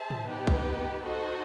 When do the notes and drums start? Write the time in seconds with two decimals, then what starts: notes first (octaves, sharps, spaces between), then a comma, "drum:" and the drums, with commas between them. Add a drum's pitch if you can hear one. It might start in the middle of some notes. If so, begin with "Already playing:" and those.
Already playing: G#4 C5 E5 A5
0.10 drum: tom
0.27 B3 D#4 G4 B4
0.47 drum: kick
1.03 D#4 F#4 A4 C5 D#5